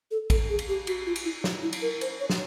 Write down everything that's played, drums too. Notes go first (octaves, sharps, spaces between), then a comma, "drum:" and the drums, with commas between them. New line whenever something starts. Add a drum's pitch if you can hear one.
A4
A4, drum: kick, cymbal
G#4
drum: cymbal
G4
F#4, drum: cymbal
F4
drum: cymbal
E4
drum: snare
E4
drum: cymbal
A#4
C5, drum: cymbal
C#5
drum: snare